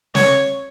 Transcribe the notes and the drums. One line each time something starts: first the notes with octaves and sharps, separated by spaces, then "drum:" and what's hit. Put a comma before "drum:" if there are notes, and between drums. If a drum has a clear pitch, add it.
C#5, drum: snare